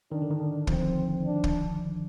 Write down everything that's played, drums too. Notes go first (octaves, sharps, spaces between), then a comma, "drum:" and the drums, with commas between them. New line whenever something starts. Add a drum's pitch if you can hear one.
D#3 D4
D3
D#3
D4
F3 C4, drum: kick
D4
drum: kick